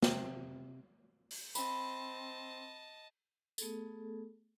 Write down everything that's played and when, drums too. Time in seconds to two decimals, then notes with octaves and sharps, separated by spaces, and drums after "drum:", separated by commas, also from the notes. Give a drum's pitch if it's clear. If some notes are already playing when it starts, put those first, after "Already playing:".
0.02 C3, drum: snare
1.31 drum: open hi-hat
1.55 C4 D#5 A5 B5, drum: tambourine
3.58 A3 B3 G#4 A4, drum: tambourine